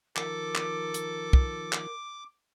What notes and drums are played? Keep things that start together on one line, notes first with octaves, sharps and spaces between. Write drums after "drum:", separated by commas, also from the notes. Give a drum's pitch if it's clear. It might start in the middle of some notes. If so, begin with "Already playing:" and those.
D#3 F3 A4 A#4 D6, drum: clap
drum: clap
drum: hi-hat
drum: kick
drum: clap